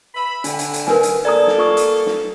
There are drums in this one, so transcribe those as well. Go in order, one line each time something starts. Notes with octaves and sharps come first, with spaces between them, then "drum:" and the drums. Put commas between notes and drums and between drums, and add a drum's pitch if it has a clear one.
E5 B5
D3 D4 G5, drum: hi-hat
drum: hi-hat
drum: hi-hat
A#4 B4 G#5, drum: snare
drum: hi-hat
A#3 A4 D5 A#5 D#6
drum: snare
F4 C#6 D#6
drum: hi-hat
drum: snare